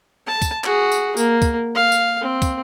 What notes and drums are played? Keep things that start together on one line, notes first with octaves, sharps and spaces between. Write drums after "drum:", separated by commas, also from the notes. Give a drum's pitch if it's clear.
A5
drum: kick, tambourine
F#4 G#4, drum: clap
drum: tambourine
A#3, drum: tambourine
drum: kick, tambourine
F5
drum: tambourine
C4
drum: kick, tambourine